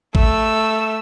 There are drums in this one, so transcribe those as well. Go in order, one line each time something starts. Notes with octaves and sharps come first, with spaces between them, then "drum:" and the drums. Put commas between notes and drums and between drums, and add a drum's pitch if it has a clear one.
A3 E6, drum: kick